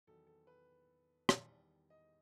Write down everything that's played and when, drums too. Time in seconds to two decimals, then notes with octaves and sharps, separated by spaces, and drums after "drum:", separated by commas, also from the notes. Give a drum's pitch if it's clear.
0.07 E2 D#3 F#3 A4
0.27 A4
0.47 B4
1.29 E2 D#3 G3, drum: rim click
1.90 D#5